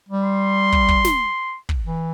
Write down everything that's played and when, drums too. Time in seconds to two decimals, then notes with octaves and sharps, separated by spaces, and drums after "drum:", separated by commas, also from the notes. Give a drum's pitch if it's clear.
0.09 G3
0.24 C6
0.72 drum: kick
0.88 drum: kick
1.05 drum: snare
1.69 drum: kick
1.85 E3